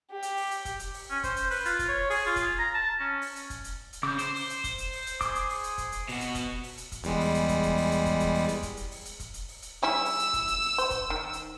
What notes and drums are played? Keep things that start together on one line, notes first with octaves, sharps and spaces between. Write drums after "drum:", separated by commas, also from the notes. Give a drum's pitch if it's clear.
G4
drum: hi-hat
drum: open hi-hat
drum: hi-hat
drum: kick, hi-hat
drum: hi-hat
drum: open hi-hat
C#4
C5, drum: kick, hi-hat
drum: hi-hat
B4, drum: open hi-hat
F4, drum: hi-hat
drum: kick, hi-hat
C#5
G#4, drum: open hi-hat
F4
drum: kick, hi-hat
A#5
A5
C#4
drum: open hi-hat
drum: hi-hat
drum: kick, hi-hat
drum: hi-hat
drum: hi-hat
C#3 D6 G6
C5, drum: hi-hat
drum: open hi-hat
drum: hi-hat
drum: kick, hi-hat
drum: hi-hat
drum: open hi-hat
drum: hi-hat
G#4 D6, drum: kick, hi-hat
drum: hi-hat
drum: open hi-hat
drum: hi-hat
drum: kick, hi-hat
drum: hi-hat
B2 F#4, drum: open hi-hat
drum: hi-hat
drum: kick, hi-hat
drum: open hi-hat
drum: hi-hat
drum: kick, hi-hat
E2 G3 G#3, drum: hi-hat
drum: open hi-hat
drum: hi-hat
drum: kick, hi-hat
drum: hi-hat
drum: open hi-hat
drum: hi-hat
drum: kick, hi-hat
drum: hi-hat
drum: open hi-hat
drum: hi-hat
drum: kick, hi-hat
drum: hi-hat
drum: open hi-hat
drum: hi-hat
drum: kick, hi-hat
drum: hi-hat
drum: open hi-hat
drum: hi-hat
G3 E4 G#4 E6
drum: open hi-hat
drum: hi-hat
drum: kick, hi-hat
drum: hi-hat
drum: open hi-hat
C5, drum: hi-hat
drum: kick, hi-hat
D#3
drum: hi-hat